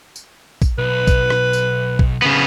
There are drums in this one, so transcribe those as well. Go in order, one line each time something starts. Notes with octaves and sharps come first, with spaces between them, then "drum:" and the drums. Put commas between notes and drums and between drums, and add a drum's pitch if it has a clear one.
drum: tambourine
drum: kick A#1, tambourine
B1 B4
drum: kick A#1, tambourine
drum: rim click
drum: tambourine
drum: kick A#1
C#3 B3